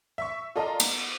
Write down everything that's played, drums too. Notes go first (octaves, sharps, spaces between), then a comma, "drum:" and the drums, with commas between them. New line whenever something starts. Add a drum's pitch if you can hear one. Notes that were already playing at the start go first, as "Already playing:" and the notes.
E5 C#6
F4 A4 D5 D#5 A#5
B3, drum: cymbal